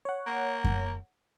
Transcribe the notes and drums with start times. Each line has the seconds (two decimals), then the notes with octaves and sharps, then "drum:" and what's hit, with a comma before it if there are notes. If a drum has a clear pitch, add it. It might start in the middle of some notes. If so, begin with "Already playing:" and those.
0.05 C#5 F#5
0.27 A#3
0.64 drum: kick F#2